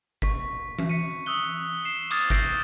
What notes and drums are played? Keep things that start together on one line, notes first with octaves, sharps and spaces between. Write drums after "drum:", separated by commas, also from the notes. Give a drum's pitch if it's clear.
C#6 B6, drum: kick
drum: tom E3
B6 C#7 D#7
D#6 E6 F#6 G7
C7 E7
D6 D#6 F6 G#6 A6, drum: cymbal
E6 G6 A#6 C7 D7, drum: kick